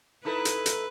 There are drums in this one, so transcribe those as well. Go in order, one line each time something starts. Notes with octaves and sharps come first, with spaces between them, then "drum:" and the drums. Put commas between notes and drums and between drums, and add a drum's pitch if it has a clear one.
D#4 E4 A4 B4
drum: hi-hat
drum: hi-hat